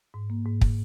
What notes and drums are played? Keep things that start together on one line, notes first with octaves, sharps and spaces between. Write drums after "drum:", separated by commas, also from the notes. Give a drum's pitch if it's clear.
G#2
A#3
G#2
drum: kick